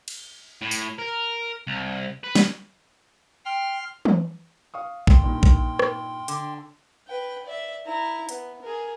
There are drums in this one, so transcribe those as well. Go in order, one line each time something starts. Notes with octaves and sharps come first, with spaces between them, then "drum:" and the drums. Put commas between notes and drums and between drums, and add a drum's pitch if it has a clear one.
drum: cymbal
A2
drum: tambourine
A#4
C2
B4
drum: snare
G5 C6 F6
drum: tom E3
F5 C#6 D#6
G5 C6, drum: kick A#1
G2 A#2 D#3
drum: kick A#1
drum: rim click
D3, drum: hi-hat
B4 G5
D5 E5
E4 A#5
B3, drum: hi-hat
G#4 A#4